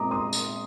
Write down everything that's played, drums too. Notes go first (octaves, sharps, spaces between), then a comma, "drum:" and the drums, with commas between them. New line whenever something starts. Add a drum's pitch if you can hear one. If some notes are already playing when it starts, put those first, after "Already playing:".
Already playing: A#2 G#3 C4 A#5 D6 D#6
C6 D#6
drum: tambourine